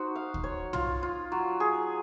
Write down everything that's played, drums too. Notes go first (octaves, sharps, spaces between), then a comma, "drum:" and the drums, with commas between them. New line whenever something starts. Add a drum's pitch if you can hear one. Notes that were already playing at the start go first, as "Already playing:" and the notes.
Already playing: D#4 F#4 C5
F5
drum: kick
C#5
F4, drum: tom
F4
F#3
G#4